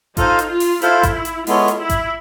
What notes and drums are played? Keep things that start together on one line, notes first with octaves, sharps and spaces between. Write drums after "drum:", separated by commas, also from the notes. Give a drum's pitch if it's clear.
D#4 F4 A4 C5 F5, drum: kick A1, hi-hat
drum: hi-hat
F4
drum: open hi-hat
E4 F4 A4 C5 F5, drum: hi-hat
drum: kick A1, hi-hat
drum: hi-hat
G#3 B3 E4 F4 A4 C#5, drum: open hi-hat
drum: hi-hat
E4
drum: kick A1, hi-hat